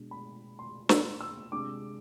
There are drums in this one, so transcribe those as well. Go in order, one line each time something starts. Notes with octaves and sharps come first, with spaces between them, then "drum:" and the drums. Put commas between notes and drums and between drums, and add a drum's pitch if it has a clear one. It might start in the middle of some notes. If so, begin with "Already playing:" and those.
Already playing: B2 G#3 D4
B5
C6
E6, drum: snare
E6
C3 G#3 D4 D6